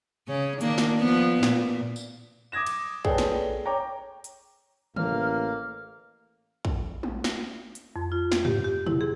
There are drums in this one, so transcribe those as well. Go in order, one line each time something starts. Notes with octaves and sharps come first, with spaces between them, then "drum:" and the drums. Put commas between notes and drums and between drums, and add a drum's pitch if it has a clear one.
C#3 C#4
D#3 A#3 D4, drum: hi-hat
drum: snare
F3 B3
A#2, drum: snare
drum: tambourine
D6 D#6 G#6 A#6 E7
drum: cymbal
G#4 A4 B4 C#5 D5 G5, drum: kick
drum: snare
C#5 G5 A#5 D6
drum: hi-hat
A1 A#3 F6, drum: tom
drum: kick
drum: tom
drum: snare
drum: hi-hat
F2
F4
drum: snare
G4, drum: tom
G4
E4, drum: tom
G#4